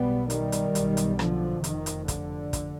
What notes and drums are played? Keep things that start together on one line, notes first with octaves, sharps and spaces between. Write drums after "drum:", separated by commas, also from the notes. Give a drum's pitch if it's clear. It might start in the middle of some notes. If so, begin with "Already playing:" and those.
Already playing: B1 B2 G3 B3
D#3 G3, drum: hi-hat
drum: hi-hat
B1 B2, drum: hi-hat
drum: hi-hat
D3 F3, drum: rim click
F1 F2 C3 D#3, drum: hi-hat
drum: hi-hat
D3, drum: kick, hi-hat
drum: kick, hi-hat